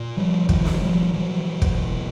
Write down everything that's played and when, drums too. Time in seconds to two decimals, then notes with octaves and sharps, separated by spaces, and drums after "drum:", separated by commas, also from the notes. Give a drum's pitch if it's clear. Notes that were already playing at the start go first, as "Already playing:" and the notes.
Already playing: A#2
0.17 F3 G3
0.49 B2 D#3 F3, drum: kick
0.65 drum: snare
0.81 F3 G3
1.13 A#2 E3 F#3
1.62 drum: kick
1.78 B2